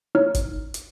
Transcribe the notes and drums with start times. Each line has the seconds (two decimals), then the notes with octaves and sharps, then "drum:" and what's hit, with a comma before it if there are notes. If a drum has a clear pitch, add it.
0.15 D#4 E4 C#5 F6
0.35 drum: kick, hi-hat
0.74 drum: hi-hat